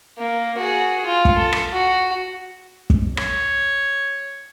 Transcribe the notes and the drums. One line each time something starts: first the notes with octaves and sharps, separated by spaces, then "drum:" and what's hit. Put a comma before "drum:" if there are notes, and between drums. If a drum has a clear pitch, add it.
A#3
F#4 G#4
F4
drum: kick
A4
drum: rim click
F#4
drum: kick
C#5, drum: rim click